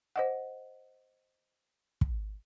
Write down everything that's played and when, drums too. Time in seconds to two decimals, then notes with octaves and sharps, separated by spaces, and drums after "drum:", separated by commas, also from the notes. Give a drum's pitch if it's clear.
0.16 C5 D#5 F#5
2.01 drum: kick